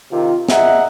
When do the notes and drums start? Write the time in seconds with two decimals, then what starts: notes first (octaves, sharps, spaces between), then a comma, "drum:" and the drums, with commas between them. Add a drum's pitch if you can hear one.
0.12 C3 D#3 F4
0.49 G#4 D#5 E5 F#5 A#5, drum: snare